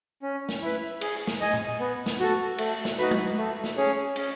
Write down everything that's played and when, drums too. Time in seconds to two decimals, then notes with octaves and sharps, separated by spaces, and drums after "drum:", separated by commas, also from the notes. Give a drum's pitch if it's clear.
0.22 C#4
0.49 drum: snare
0.62 E4 B4
1.01 G#4, drum: cymbal
1.27 drum: snare
1.40 D#5 G#5
1.54 drum: tom A#2
1.80 B3
2.06 drum: snare
2.20 F#4 A4
2.58 A3, drum: cymbal
2.85 drum: snare
2.98 D#4 F#4 B4
3.11 drum: tom G#3
3.38 A3
3.64 drum: snare
3.77 C#4 G#4 C#5
4.16 C#4, drum: cymbal